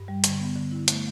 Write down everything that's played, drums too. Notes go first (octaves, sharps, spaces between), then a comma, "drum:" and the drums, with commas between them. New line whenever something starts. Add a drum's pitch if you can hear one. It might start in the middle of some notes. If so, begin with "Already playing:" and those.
Already playing: G2
G3
D3, drum: hi-hat
B3
D3
E4
A3, drum: hi-hat